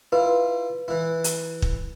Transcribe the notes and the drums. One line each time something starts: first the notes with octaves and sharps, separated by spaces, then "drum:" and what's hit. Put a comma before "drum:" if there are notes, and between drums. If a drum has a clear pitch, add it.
E4 F4 B4
E3 E4
drum: hi-hat
drum: kick